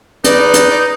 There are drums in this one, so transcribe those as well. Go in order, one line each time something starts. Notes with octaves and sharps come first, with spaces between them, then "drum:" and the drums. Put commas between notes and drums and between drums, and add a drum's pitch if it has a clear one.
E2 D#4 B4 D5, drum: hi-hat
drum: hi-hat